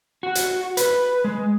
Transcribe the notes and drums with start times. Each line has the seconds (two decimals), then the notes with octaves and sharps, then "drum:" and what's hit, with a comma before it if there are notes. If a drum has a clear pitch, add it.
0.23 F#4
0.35 drum: hi-hat
0.77 B4, drum: hi-hat
1.24 G#3